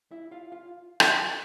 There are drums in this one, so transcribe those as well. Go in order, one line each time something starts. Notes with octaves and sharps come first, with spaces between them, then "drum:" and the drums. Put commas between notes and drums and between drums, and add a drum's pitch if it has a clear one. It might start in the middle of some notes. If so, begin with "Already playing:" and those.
E4 E5
F4 F5
F4 F5
drum: rim click